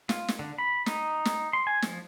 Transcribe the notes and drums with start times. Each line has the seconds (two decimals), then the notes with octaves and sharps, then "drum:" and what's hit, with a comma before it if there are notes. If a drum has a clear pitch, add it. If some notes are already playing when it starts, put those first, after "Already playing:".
0.09 F4, drum: snare
0.28 drum: snare
0.39 D3
0.58 B5
0.86 D#4, drum: snare
1.25 drum: snare
1.53 C6
1.67 G#5
1.82 F3, drum: snare